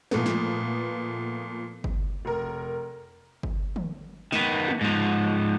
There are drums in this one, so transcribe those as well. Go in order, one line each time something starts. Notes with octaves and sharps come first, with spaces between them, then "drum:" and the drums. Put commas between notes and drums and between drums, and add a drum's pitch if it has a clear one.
A#2 F3 A3 B3, drum: snare
drum: snare
drum: kick G1
F1 A#4
drum: kick G1
drum: tom
D#3 B3, drum: snare
drum: tom
G#2 F3